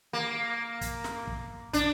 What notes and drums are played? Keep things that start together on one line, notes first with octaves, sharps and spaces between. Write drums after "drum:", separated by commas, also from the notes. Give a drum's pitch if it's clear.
A#3
drum: kick, hi-hat
drum: snare
drum: kick
D4, drum: kick, hi-hat